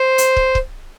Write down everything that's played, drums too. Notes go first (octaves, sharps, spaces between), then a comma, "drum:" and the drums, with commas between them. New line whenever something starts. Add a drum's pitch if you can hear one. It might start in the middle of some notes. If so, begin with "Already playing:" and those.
Already playing: C5
drum: hi-hat
drum: kick
drum: kick